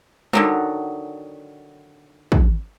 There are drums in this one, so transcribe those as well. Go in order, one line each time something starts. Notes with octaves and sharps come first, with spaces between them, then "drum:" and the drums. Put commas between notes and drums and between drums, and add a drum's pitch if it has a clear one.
D3 D#3 F#3, drum: tom G3
drum: kick